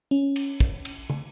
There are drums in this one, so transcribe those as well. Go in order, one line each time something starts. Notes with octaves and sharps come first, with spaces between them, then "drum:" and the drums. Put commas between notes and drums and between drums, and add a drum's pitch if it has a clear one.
C#4
drum: cymbal
drum: kick
drum: cymbal
drum: tom